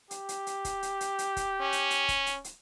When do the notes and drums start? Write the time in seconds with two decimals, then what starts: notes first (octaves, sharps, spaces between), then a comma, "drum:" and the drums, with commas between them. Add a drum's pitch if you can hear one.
0.11 G4, drum: hi-hat
0.29 drum: hi-hat
0.47 drum: hi-hat
0.65 drum: kick, hi-hat
0.83 drum: hi-hat
1.01 drum: hi-hat
1.19 drum: hi-hat
1.37 drum: kick, hi-hat
1.61 C#4
1.73 drum: hi-hat
1.90 drum: hi-hat
2.08 drum: kick, hi-hat
2.26 drum: hi-hat
2.44 drum: hi-hat